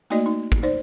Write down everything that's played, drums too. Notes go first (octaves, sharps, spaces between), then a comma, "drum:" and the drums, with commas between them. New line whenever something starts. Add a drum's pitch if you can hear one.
A3 A#3 D#4 F#4 D5 D#5, drum: hi-hat
D#4
drum: kick
D#4 C5 D5